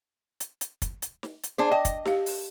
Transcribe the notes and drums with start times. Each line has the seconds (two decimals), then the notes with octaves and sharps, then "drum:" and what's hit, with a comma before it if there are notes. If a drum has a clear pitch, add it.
0.40 drum: hi-hat
0.61 drum: hi-hat
0.82 drum: kick, hi-hat
1.02 drum: hi-hat
1.23 drum: snare
1.44 drum: hi-hat
1.58 D4 G#4 C5
1.72 D#5 G5
1.85 drum: kick, hi-hat
2.05 G4 F5, drum: snare
2.26 drum: open hi-hat